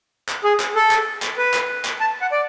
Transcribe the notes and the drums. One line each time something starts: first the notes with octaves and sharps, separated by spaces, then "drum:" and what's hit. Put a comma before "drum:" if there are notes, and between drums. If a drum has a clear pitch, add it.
drum: clap
G#4
drum: clap
A4
drum: clap
drum: clap
B4
drum: clap
drum: clap
A5
F#5
D5